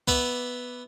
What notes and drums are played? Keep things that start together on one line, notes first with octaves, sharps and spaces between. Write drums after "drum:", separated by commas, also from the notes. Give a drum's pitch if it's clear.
B3 D5 E5, drum: kick C2